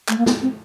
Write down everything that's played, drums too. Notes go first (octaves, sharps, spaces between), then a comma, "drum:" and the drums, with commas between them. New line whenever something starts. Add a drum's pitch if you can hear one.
A3, drum: clap
A#3
B3, drum: snare
C4